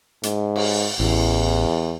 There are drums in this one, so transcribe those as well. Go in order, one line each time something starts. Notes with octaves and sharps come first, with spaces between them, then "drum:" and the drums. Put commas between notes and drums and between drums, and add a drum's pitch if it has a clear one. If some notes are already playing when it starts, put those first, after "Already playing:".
G#2, drum: hi-hat
drum: cymbal
A1 E2